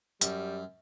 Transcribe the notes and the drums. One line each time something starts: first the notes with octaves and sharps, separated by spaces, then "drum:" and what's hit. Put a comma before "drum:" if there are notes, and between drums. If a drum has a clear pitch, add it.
F#2 G3, drum: hi-hat